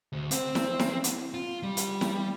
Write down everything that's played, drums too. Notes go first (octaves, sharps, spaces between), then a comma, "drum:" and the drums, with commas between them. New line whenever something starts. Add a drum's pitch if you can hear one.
D2
C4, drum: hi-hat
drum: snare E4
drum: snare E4
drum: hi-hat
F4
G3
drum: hi-hat
drum: snare E4